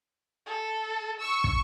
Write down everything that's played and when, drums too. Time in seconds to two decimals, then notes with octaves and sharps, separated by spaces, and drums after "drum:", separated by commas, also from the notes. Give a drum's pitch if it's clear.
0.46 A4
1.20 C#6 E6
1.44 drum: kick